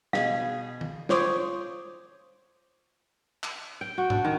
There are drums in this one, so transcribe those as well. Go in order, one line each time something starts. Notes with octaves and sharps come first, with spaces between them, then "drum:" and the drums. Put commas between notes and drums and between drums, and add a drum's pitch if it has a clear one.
B2 G#4 F5, drum: snare
drum: tom
F4 C5 C#5 D6 D#6, drum: snare
drum: clap
G5
F#4
D4, drum: tom
D#3